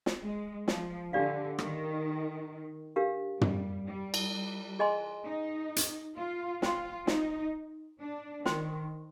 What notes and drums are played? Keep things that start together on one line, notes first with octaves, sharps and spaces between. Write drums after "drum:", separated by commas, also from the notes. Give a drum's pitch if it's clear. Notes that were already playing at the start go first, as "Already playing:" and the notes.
drum: snare
G#3
F3, drum: snare
D3 D4 G4 D5 F5
D#3, drum: rim click
D4 G4 A#4 F5
G3, drum: tom
G3
drum: cymbal
G3
G#4 D#5 G#5 C6
D#4
drum: hi-hat
F4
F4 C5 G5 C6, drum: snare
D#4, drum: snare
D4
D#3 C5 G5 C6, drum: snare